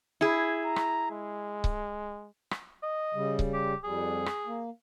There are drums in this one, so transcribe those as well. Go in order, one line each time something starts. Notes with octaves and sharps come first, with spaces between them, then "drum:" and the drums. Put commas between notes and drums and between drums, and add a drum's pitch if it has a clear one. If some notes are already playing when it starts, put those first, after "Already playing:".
E4 G#4
A#5
drum: rim click
G#3
drum: kick C#1
drum: rim click
D#5
C#3 G3
drum: kick C#1
G4
F2 G3 G#4
drum: rim click
A#3